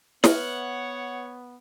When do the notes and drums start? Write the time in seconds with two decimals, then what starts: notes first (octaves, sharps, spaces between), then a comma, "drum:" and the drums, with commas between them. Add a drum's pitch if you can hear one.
0.24 B3 B4 C#5 E5 F#5, drum: snare